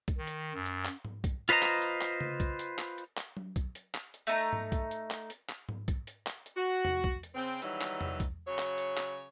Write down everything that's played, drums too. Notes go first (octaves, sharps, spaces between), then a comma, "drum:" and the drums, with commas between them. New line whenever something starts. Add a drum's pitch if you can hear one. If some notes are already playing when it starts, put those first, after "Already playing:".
drum: kick B1, hi-hat
D#3
drum: hi-hat
F#2
drum: hi-hat
drum: clap
drum: tom G#2
drum: kick B1, hi-hat
F4 B4 C5 D#5 A#5
drum: clap
drum: hi-hat
drum: clap
drum: tom C#3
drum: kick B1, hi-hat
drum: hi-hat
drum: clap
drum: hi-hat
drum: clap
drum: tom F#3
drum: kick B1, hi-hat
drum: hi-hat
drum: clap
drum: hi-hat
A3 D#4 A#5
drum: tom G#2
drum: kick B1, hi-hat
drum: hi-hat
drum: clap
drum: hi-hat
drum: clap
drum: tom G#2
drum: kick B1, hi-hat
drum: hi-hat
drum: clap
drum: hi-hat
F#4
drum: tom E2
drum: kick B1
drum: hi-hat
C#3 C4
D#3 E3 F#3 G3 D#4, drum: hi-hat
drum: clap
drum: tom E2
drum: kick B1, hi-hat
C#3 F#3 C#5
drum: clap
drum: hi-hat
drum: clap